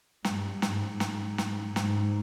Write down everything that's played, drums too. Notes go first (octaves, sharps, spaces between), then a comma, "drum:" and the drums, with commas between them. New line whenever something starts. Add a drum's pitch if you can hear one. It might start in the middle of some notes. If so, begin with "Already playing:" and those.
G2, drum: snare
G#2, drum: snare
drum: snare
drum: snare
G#2, drum: snare